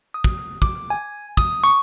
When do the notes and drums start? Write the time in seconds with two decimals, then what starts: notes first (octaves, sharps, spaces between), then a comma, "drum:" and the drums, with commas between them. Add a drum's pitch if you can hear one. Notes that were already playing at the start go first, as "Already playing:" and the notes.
0.14 D#6
0.24 drum: kick
0.62 D6, drum: kick
0.90 G#5
1.37 D#6, drum: kick
1.64 C#6